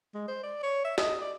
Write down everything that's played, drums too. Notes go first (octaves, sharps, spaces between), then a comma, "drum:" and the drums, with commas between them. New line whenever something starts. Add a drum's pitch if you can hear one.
G#3
C5
D5
C#5
E5
D#5, drum: snare
D5